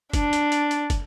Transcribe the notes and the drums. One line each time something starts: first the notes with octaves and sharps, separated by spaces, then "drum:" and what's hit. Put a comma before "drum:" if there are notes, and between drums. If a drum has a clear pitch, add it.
D4, drum: kick, hi-hat
drum: hi-hat
drum: hi-hat
drum: hi-hat
drum: kick, hi-hat